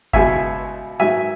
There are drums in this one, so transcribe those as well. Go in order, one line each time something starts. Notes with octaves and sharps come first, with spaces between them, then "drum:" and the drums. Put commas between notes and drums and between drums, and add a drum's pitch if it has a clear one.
C#2 B2 F#3 E5 G#5, drum: kick G1
G#1 G#2 F#3 E5 G#5